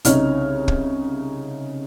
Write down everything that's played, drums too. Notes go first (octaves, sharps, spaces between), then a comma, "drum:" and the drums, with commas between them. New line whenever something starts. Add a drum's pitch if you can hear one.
C2 C#3 D#4 C#5 F6, drum: hi-hat
drum: kick